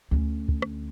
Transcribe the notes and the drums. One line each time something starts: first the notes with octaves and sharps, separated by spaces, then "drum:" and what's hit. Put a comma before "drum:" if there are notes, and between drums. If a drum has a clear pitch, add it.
D2 C#4
drum: kick
drum: rim click